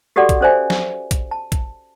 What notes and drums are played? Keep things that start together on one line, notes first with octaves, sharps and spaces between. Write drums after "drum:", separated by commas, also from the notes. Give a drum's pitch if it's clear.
F#4 G4 A4 D5 F#5 D6
drum: kick, hi-hat
C#4 A4 C5 D5 E5 G#5
drum: snare
drum: kick, hi-hat
A5
drum: kick, hi-hat